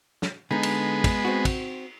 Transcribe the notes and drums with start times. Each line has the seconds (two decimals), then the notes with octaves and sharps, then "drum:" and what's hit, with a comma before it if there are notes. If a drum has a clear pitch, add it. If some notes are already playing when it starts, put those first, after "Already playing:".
0.22 drum: snare
0.51 D3 G#3 B3 D#4
0.63 drum: cymbal
1.04 drum: kick, cymbal
1.25 C4 F#4
1.45 drum: kick, cymbal